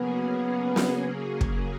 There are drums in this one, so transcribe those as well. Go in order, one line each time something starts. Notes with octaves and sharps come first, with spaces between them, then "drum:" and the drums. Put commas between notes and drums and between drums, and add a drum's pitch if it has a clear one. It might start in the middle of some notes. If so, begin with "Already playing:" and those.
Already playing: C#3 F#3 A#3 B3 C#4 G#4
drum: snare
drum: kick